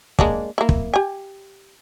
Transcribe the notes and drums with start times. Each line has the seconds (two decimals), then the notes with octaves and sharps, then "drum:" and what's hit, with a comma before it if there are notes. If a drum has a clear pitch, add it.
0.19 G#3 A#3 D4, drum: kick
0.58 A#3 E4
0.69 drum: kick
0.94 G4 G#5